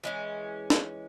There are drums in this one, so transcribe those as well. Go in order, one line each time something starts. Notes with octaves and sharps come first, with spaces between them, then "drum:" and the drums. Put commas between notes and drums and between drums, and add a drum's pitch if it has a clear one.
E3 G#3 C#4
drum: snare